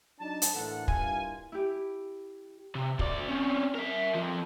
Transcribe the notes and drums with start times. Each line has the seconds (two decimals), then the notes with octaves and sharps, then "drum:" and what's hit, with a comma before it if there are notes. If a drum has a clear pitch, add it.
0.20 F#3 D4 D#4 A5
0.42 drum: hi-hat
0.54 A2 D3 E3 A#3 A4 F#5
0.88 G2 A#3 E4 F4 F5 G#5, drum: kick
1.52 E4 G4
2.75 C3
2.99 D2 D5, drum: kick
3.28 C4 C#4
3.75 A#4 E5
4.15 F2 F3